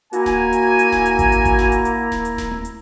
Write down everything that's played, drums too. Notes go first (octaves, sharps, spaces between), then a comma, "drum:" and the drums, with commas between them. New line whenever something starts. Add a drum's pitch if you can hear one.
A#3 E4 F#4 G#5 A#5, drum: hi-hat
drum: snare D#1
drum: hi-hat
drum: hi-hat
drum: snare D#1
drum: hi-hat
drum: kick G#1, hi-hat
drum: hi-hat
drum: kick G#1, hi-hat
drum: snare D#1
drum: hi-hat
drum: hi-hat
drum: snare D#1
drum: hi-hat
drum: snare D#1
drum: tom A3
drum: hi-hat